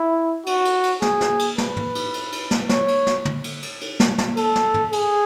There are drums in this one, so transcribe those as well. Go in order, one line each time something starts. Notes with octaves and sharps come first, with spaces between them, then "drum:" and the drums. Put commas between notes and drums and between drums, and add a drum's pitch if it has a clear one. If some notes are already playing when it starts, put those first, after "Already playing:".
Already playing: E4
F#4, drum: cymbal
drum: cymbal
drum: cymbal
G#4, drum: snare
drum: snare
drum: cymbal
B4, drum: snare
drum: tom
drum: cymbal
drum: cymbal
drum: cymbal
drum: snare
C#5, drum: snare
drum: cymbal
drum: snare
drum: tom
drum: cymbal
drum: cymbal
drum: cymbal
drum: snare
drum: snare
A4, drum: cymbal
drum: snare
drum: tom
G#4, drum: cymbal